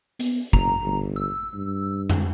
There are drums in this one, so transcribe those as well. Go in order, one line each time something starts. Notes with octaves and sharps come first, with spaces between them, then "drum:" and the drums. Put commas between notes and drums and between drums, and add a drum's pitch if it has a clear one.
B3, drum: hi-hat
F#1 A#5, drum: kick
G1
E6
G2
drum: tom F2